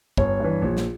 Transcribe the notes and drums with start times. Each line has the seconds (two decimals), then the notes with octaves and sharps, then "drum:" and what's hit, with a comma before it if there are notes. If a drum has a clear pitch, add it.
0.17 G1 C#5, drum: kick
0.40 G2 E3
0.62 A#1
0.77 drum: snare